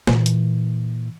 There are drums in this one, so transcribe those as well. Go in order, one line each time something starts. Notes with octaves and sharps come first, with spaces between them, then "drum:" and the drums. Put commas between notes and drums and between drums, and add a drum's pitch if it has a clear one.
A#2 E3, drum: snare
drum: hi-hat